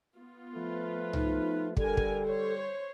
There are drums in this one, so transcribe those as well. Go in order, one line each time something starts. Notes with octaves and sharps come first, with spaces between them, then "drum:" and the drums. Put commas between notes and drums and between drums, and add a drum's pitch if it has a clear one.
B3 F4
F3 A3 B4
D#4, drum: tom C2
D3 G3 A4 A#4 G#5, drum: kick
drum: kick
C5 C#5